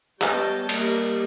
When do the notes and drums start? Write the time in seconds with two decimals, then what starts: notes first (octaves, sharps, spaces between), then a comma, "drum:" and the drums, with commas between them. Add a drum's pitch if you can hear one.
0.22 G3 B3 C#5 D#5 G5 A5, drum: clap
0.69 G3 A#3 D#5, drum: cymbal